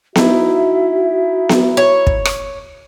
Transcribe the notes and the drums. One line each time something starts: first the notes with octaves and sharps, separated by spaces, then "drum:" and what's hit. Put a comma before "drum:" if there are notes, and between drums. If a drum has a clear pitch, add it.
D#4 E4 F#4 E5, drum: snare B3
drum: snare B3
C#5
drum: kick
drum: rim click